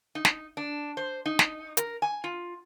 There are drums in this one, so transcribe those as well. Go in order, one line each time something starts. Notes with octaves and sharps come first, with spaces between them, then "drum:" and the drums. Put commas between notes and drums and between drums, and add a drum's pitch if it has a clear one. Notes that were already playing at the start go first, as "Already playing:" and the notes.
D#4
drum: snare
D4
C5
D#4
drum: snare
A#4, drum: hi-hat
G#5
F4